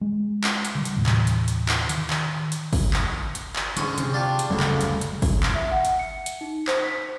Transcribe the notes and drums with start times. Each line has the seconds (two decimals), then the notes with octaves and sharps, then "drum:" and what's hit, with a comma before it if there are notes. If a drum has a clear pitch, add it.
0.01 G#3
0.44 drum: clap
0.65 drum: hi-hat
0.75 D3 D#3 G3
0.85 drum: hi-hat
0.96 D#2 A2 C3 E3
1.06 drum: clap
1.27 drum: hi-hat
1.48 drum: hi-hat
1.69 drum: clap
1.89 D#3, drum: hi-hat
2.10 drum: clap
2.52 drum: hi-hat
2.73 drum: kick, open hi-hat
2.93 drum: clap
3.35 drum: hi-hat
3.56 drum: clap
3.77 G#2 D3 C#4, drum: hi-hat
3.98 C3, drum: hi-hat
4.13 D4 F4 G4
4.39 drum: hi-hat
4.50 F#1 D2 C#3 G3 A3
4.60 drum: clap
4.81 drum: hi-hat
5.01 drum: hi-hat
5.22 drum: kick, open hi-hat
5.43 drum: clap
5.55 E5
5.71 F#5
5.85 drum: hi-hat
5.99 C#7
6.26 drum: hi-hat
6.41 D#4
6.67 C5, drum: clap
6.84 B6